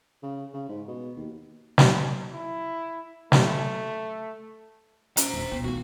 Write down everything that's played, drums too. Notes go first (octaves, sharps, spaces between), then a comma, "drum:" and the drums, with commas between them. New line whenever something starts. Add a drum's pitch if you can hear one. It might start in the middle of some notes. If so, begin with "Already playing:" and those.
C#3
C#3
G#2
B2
D#2
drum: snare
E4
A3, drum: snare
C#4 C5 A#5, drum: hi-hat
D#1
C#2 B2 B3
D#3 A#3 F#4